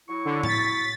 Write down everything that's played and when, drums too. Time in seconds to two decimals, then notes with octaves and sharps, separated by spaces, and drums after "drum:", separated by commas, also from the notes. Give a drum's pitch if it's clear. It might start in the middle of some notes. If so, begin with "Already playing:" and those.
0.08 F#3 E4 C#6
0.25 D3
0.43 A6 B6, drum: tom A2